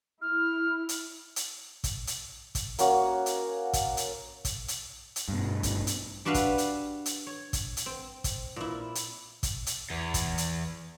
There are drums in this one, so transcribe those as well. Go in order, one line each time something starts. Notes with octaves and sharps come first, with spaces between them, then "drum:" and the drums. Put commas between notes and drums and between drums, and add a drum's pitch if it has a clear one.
E4 F6
drum: hi-hat
drum: hi-hat
drum: kick, hi-hat
drum: hi-hat
drum: kick, hi-hat
A#3 C#4 F#4, drum: hi-hat
drum: hi-hat
drum: kick, hi-hat
drum: hi-hat
drum: kick, hi-hat
drum: hi-hat
drum: hi-hat
G2 B2
drum: kick, hi-hat
drum: hi-hat
G3 D4 F#4 B4 E5 F5
drum: kick, hi-hat
drum: hi-hat
drum: hi-hat
C#5
drum: kick, hi-hat
drum: hi-hat
C4
drum: kick, hi-hat
A#2 E4
drum: hi-hat
drum: kick, hi-hat
drum: hi-hat
E2
drum: kick, hi-hat
drum: hi-hat